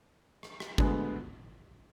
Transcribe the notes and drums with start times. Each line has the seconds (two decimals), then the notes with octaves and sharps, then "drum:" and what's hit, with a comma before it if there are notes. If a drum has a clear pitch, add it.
0.43 drum: rim click
0.60 drum: rim click
0.78 D2 D3 G#3 B3, drum: kick